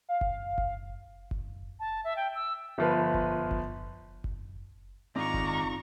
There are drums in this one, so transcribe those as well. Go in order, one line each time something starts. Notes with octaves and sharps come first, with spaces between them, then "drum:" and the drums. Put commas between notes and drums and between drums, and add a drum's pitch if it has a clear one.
F5
drum: kick F#1
drum: kick F#1
drum: kick F#1
A5
E5
G5
E6
G1 F3 B4
drum: kick F#1
drum: kick F#1
drum: kick F#1
G#2 D#3 C4 D4 D#4 F4 A#5 C#6
drum: kick F#1